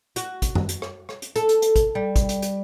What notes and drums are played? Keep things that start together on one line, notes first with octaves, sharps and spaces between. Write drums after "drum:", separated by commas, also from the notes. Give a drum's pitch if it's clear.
F#4, drum: hi-hat
drum: kick, hi-hat
drum: tom F#2
drum: hi-hat
drum: rim click
drum: rim click
drum: hi-hat
A4, drum: hi-hat
drum: hi-hat
drum: hi-hat
drum: kick, hi-hat
G3
drum: kick, hi-hat
drum: hi-hat
drum: hi-hat